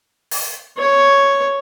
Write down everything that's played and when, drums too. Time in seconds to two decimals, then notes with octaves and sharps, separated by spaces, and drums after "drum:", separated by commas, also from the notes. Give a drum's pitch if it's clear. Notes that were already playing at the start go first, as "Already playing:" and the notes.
0.31 drum: open hi-hat
0.78 C#5